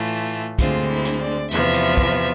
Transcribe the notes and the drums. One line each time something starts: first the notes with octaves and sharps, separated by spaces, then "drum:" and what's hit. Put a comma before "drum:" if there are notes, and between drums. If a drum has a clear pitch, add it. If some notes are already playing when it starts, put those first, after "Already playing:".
Already playing: A2 E3 A3 F4
D2 D3 G#3 C4 F4, drum: kick, hi-hat
E4
drum: hi-hat
D5
E2 C3 F3 B3 E5, drum: hi-hat
drum: hi-hat
drum: kick